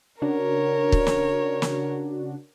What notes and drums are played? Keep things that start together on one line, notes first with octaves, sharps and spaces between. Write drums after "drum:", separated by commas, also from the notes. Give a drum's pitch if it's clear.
C#3 D4 F#4 A#4 C#5
drum: kick
drum: snare
drum: snare